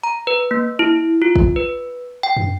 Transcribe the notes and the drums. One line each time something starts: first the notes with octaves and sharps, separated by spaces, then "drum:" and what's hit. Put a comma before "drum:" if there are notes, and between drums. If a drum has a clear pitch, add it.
A#5
B4
A#3
E4
F4
drum: kick
B4
G5
drum: tom